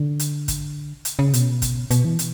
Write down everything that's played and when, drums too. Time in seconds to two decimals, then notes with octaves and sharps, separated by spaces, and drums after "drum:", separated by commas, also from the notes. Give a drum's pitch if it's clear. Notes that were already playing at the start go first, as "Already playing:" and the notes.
Already playing: D3
0.19 drum: hi-hat
0.48 drum: kick, hi-hat
1.05 drum: hi-hat
1.19 C#3
1.34 B2, drum: hi-hat
1.62 drum: kick, hi-hat
1.91 B2, drum: hi-hat
2.05 E3
2.19 drum: hi-hat